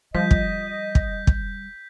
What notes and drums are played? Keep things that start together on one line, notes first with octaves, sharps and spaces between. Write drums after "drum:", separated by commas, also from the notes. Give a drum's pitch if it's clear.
F3 G3 D#5 G6 B6
drum: kick
drum: kick
drum: kick